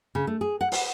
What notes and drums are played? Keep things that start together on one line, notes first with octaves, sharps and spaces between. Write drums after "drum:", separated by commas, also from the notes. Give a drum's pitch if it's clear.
C#3
A3
G#4
F#5
B4, drum: open hi-hat